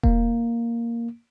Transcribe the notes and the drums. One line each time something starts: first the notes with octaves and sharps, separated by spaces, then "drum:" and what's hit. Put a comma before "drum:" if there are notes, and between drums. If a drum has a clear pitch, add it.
A#3, drum: kick E1